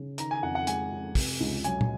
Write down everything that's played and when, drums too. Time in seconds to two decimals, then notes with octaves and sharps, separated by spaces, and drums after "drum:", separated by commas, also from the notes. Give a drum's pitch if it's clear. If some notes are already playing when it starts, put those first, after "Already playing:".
Already playing: C#3
0.18 D#3 A#5, drum: hi-hat
0.31 G#5
0.43 F2 F#5
0.55 F#5
0.67 G#3 G#5, drum: hi-hat
0.92 F2
1.15 C3, drum: kick, open hi-hat
1.41 C#2
1.64 F#3 G#5, drum: hi-hat
1.81 drum: tom